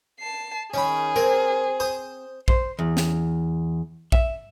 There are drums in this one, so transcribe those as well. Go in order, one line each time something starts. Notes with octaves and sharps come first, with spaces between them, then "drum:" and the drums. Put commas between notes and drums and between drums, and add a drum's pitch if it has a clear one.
A5 C7
D#3 C#4 G#4 B5
C4 A#4 G#5
C5 D#6
C5, drum: kick A#1
E2
drum: snare
E5, drum: kick A#1